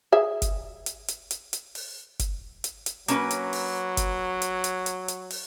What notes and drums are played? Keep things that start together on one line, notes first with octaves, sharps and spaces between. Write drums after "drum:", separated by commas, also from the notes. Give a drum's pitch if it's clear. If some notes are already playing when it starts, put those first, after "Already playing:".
G#4 E5
drum: kick, hi-hat
drum: hi-hat
drum: hi-hat
drum: hi-hat
drum: hi-hat
drum: open hi-hat
drum: kick, hi-hat
drum: hi-hat
drum: hi-hat
F#3 A#3 C#4 B4, drum: hi-hat
drum: hi-hat
drum: open hi-hat
drum: kick, hi-hat
drum: hi-hat
drum: hi-hat
drum: hi-hat
drum: hi-hat
drum: open hi-hat